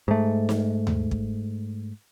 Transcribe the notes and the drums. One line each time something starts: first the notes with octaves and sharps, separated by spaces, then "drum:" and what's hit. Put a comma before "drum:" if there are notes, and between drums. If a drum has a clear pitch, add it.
G#2 A3
drum: snare
drum: tom D#2
drum: kick